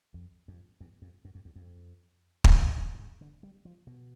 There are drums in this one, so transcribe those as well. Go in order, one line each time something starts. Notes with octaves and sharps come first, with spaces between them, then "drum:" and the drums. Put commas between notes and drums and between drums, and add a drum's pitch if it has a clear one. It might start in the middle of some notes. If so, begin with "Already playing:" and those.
F2
F2
E2
F2
F#2
F2
E2
F2
drum: kick
F#2
A2
G#2
D3
G3
F3
B2